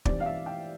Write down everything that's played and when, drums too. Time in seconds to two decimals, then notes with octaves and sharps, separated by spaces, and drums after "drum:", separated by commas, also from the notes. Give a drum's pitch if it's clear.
0.05 G2 E3 G3 C4 D#4 D5, drum: kick
0.20 F5
0.26 E5
0.46 G5